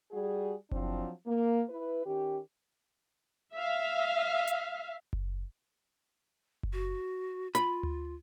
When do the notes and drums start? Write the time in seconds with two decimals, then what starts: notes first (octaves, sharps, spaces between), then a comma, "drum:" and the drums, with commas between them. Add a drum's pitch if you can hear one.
0.12 G3 F#4 G#4
0.71 F3 F#3 C4 D4 E4, drum: kick F#1
1.26 A#3
1.69 E4 B4
2.06 D#3 C#4 G4
3.56 E5 F5
4.47 drum: hi-hat
5.13 drum: kick F#1
6.63 drum: kick F#1
6.73 F#4
7.55 F4 B5, drum: hi-hat
7.83 drum: tom D2